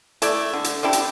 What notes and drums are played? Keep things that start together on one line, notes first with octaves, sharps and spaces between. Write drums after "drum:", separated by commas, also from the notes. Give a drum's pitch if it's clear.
A3 E4 D5 E5, drum: hi-hat
D3
drum: hi-hat
C4 D4 E4 G4
drum: hi-hat